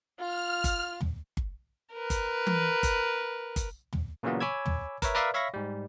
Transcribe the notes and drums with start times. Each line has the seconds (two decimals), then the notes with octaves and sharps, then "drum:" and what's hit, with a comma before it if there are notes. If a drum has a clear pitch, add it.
0.19 F4 F6
0.64 drum: kick G1, hi-hat
1.01 drum: tom
1.37 drum: kick G1
1.93 A#4 B4
2.10 drum: kick G1, hi-hat
2.47 drum: tom E3
2.83 drum: kick G1, hi-hat
3.56 drum: kick G1, hi-hat
3.93 drum: tom
4.23 A#2 C#3 E3 F#3 A#3 B3
4.40 C#5 G#5 B5 D6 E6 G#6
4.66 drum: tom
5.02 A#4 B4 C#5 E5, drum: kick G1, hi-hat
5.15 A#4 B4 D5 E5 F5
5.34 C#5 E5 F5 B5 C#6 A#6
5.54 G#2 G3